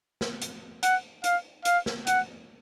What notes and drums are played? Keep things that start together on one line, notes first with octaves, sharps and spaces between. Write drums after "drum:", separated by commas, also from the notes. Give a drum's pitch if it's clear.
drum: snare
drum: hi-hat
F#5, drum: hi-hat
F5, drum: hi-hat
F5, drum: hi-hat
drum: snare
F#5, drum: hi-hat